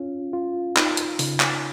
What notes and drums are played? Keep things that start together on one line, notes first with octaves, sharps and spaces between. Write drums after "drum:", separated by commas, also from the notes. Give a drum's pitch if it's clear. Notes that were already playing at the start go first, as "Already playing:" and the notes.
Already playing: C#4 F4
F4
D#4, drum: clap
drum: hi-hat
C#3, drum: open hi-hat
drum: clap